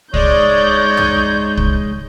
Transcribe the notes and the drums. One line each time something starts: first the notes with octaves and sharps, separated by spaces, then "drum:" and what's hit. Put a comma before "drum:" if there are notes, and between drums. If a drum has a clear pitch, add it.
G#3 D#4 C#5 D5 G6, drum: kick
drum: tom
drum: kick